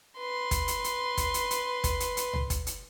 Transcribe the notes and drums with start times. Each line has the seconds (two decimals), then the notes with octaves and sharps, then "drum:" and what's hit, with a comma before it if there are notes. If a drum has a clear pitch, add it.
0.18 B4 C6
0.51 drum: kick, hi-hat
0.68 drum: hi-hat
0.84 drum: hi-hat
1.17 drum: kick, hi-hat
1.34 drum: hi-hat
1.51 drum: hi-hat
1.84 drum: kick, hi-hat
2.00 drum: hi-hat
2.17 drum: hi-hat
2.33 drum: tom
2.50 drum: kick, hi-hat
2.67 drum: hi-hat